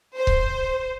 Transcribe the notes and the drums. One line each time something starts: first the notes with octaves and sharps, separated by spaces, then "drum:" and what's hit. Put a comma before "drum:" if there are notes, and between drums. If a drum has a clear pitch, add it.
C5
drum: kick C#1